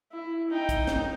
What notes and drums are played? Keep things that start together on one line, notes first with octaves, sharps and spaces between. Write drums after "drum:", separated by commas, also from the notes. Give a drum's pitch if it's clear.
E4
D#4 G5
drum: kick, hi-hat
drum: snare